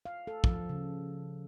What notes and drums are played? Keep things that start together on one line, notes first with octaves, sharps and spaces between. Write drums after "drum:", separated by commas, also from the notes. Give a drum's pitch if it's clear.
F5
A4
F3, drum: kick
C#3